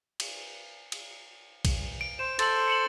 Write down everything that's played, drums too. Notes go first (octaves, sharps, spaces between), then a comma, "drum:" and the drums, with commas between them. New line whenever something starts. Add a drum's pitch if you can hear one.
drum: cymbal
drum: cymbal
drum: kick A#1, cymbal
D7
C5 E7
A4 C5 C6 A6 F#7, drum: cymbal
C#7 E7 F#7